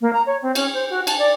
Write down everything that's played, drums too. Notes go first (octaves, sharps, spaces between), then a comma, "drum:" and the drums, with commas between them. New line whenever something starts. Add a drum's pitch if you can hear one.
A#3
A#5
C#5
C4
C#4, drum: cymbal
C5
F#4
A5, drum: cymbal
D5